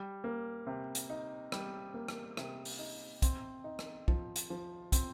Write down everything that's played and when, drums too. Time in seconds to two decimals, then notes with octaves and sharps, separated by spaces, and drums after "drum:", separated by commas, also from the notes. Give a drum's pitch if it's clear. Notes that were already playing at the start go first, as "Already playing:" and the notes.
Already playing: G3
0.24 A#3
0.67 C3
0.95 drum: hi-hat
1.10 D#4
1.52 G3, drum: rim click
1.94 A#3
2.08 drum: rim click
2.37 C3, drum: rim click
2.65 drum: open hi-hat
2.79 D#4
3.22 C4, drum: kick, hi-hat
3.64 D#4
3.79 drum: rim click
4.08 F3, drum: kick
4.36 drum: hi-hat
4.50 F3
4.92 C4, drum: kick, hi-hat